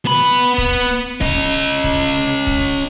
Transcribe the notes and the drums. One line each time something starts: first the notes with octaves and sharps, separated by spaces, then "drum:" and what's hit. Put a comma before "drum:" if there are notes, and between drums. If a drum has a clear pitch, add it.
B3 B5
drum: kick
C#4 D#5, drum: kick
drum: kick
drum: kick